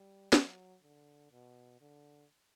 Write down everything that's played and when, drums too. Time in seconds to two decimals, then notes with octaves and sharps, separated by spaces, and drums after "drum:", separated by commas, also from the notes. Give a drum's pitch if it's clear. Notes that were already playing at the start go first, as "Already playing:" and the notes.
Already playing: G3
0.33 F#3, drum: snare
0.82 D3
1.32 B2
1.81 D3